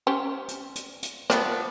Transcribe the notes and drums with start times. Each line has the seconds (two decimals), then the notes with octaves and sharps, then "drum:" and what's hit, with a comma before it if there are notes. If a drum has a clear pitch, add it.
0.07 C#4 G4 C5
0.48 drum: hi-hat
0.75 drum: hi-hat
1.03 drum: hi-hat
1.30 F3 G3 B3 G4 D5, drum: rim click